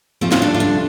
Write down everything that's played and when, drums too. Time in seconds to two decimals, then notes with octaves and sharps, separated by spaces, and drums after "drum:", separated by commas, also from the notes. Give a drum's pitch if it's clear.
0.21 D2 C3 F3 A3 C4 F4
0.32 F4, drum: snare
0.42 D4
0.54 F4
0.60 D4